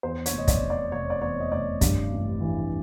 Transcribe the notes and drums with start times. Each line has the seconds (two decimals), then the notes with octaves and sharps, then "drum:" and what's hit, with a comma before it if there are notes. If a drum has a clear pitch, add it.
0.03 E2 C5
0.26 C#5, drum: hi-hat
0.33 F1
0.38 D#5
0.48 D5, drum: kick, hi-hat
0.62 C3
0.70 D5
0.92 F1 C#5
1.10 D5
1.22 E2 C#5
1.40 D#5
1.52 F1 D5
1.81 G2, drum: kick, hi-hat
2.11 A1
2.41 E3